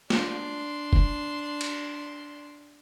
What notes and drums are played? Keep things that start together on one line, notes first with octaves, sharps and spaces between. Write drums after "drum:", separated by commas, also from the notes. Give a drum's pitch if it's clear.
D4 C6, drum: snare
drum: kick F#1
drum: cymbal